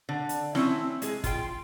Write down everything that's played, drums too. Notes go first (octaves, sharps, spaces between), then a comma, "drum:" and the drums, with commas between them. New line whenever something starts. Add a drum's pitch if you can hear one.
D3
drum: hi-hat
C4 C#4 E4, drum: snare
G#3 G#4, drum: hi-hat
F4 G5, drum: kick, hi-hat